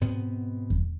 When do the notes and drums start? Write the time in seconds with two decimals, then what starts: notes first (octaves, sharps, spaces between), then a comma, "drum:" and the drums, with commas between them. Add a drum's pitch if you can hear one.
0.01 G#2 B2 B3 C4
0.70 drum: kick E2